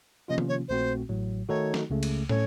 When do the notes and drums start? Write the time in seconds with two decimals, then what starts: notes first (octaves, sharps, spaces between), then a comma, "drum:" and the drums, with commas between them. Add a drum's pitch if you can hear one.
0.28 C3 F3 A#3 C#4 F4 D#5
0.38 drum: tom D#3
0.49 C#5
0.68 A#1 A#2 A3 C4 F#4 C5
1.09 A1 A2 F#3
1.49 D#3 A3 D#4 F#4 A4 C#5
1.74 drum: snare
1.90 C#2 C#3 A3
2.03 drum: cymbal
2.29 A2 A3 C#4 A4 C#5, drum: tom